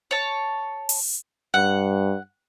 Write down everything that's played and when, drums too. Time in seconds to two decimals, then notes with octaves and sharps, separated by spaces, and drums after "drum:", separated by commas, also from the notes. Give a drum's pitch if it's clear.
0.11 C#5 A5
0.89 drum: open hi-hat
1.54 G2 F#5